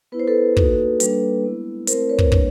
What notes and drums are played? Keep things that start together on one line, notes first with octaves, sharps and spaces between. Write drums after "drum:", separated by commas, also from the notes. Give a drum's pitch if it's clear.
B3 E4 B4
C5
A4 B4
A#3 D#4 F#4, drum: kick
G3 A#3 D4, drum: hi-hat
G#3 B3 E4
A3 C4 E4 A#4 C5, drum: hi-hat
B4 C#5
drum: kick
G3 A#3 D4, drum: kick